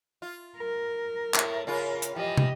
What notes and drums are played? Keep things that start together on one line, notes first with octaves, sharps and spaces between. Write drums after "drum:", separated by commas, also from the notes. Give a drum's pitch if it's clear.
F4
A#4
A2 A3, drum: clap
C#3 F4 A#4
drum: hi-hat
E3 F3 G4 D#5
drum: tom